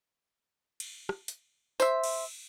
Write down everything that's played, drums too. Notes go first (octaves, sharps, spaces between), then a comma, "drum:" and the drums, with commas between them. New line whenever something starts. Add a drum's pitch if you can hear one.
drum: cymbal
drum: rim click
drum: hi-hat
C5 E5, drum: tambourine
drum: cymbal